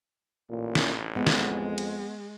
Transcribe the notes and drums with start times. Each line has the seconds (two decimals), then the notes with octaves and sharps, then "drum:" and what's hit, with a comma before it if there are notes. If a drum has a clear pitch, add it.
0.50 A1 A#2
0.75 drum: snare
1.16 F2 G#3 B3 D#5 F#5
1.27 drum: snare
1.78 drum: cymbal